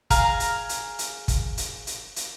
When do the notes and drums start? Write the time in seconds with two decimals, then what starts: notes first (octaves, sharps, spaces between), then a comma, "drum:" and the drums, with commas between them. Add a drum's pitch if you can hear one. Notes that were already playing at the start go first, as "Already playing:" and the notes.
0.10 G#4 F5 A#5, drum: kick, hi-hat
0.40 drum: hi-hat
0.69 drum: hi-hat
0.99 drum: hi-hat
1.28 drum: kick, hi-hat
1.57 drum: hi-hat
1.87 drum: hi-hat
2.16 drum: hi-hat